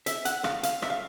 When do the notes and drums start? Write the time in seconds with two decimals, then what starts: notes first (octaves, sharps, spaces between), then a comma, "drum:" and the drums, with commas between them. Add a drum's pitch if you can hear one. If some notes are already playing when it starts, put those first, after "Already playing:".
0.06 E5, drum: hi-hat
0.25 F#5, drum: hi-hat
0.44 F5, drum: rim click
0.63 F5, drum: hi-hat
0.82 E5, drum: rim click
0.90 F5